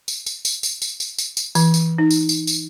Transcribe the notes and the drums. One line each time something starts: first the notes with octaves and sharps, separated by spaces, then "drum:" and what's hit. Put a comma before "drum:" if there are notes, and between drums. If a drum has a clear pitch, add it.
drum: tambourine
drum: tambourine
drum: tambourine
drum: tambourine
drum: tambourine
drum: tambourine
drum: tambourine
drum: tambourine
E3, drum: tambourine
drum: tambourine
D#4
drum: tambourine
drum: tambourine
drum: tambourine